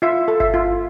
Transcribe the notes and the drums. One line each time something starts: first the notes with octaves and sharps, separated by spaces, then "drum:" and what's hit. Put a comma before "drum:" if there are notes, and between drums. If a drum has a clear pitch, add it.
F4 E5
A4
E5, drum: kick G1
F4